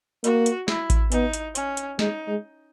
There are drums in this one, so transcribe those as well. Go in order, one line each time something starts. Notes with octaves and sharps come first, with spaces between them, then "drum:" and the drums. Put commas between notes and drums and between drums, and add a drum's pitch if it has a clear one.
A#3 F#4, drum: hi-hat
drum: hi-hat
E4, drum: snare
drum: kick A1, hi-hat
B3 D#4, drum: hi-hat
drum: hi-hat
C#4, drum: hi-hat
drum: hi-hat
G#3 D#4, drum: snare
G#3